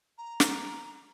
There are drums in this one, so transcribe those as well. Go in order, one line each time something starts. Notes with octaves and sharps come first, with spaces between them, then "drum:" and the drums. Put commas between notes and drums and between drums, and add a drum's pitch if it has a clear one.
A#5
drum: snare